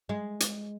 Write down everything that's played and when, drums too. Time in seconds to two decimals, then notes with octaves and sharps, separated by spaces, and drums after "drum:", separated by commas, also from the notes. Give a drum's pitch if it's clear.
0.09 G#3
0.40 drum: hi-hat